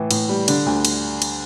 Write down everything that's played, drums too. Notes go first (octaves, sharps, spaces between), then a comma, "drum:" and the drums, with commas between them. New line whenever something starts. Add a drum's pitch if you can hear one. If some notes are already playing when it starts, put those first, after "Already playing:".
Already playing: A2 E3
A2, drum: cymbal
G3
D3, drum: cymbal
D2
drum: cymbal
drum: cymbal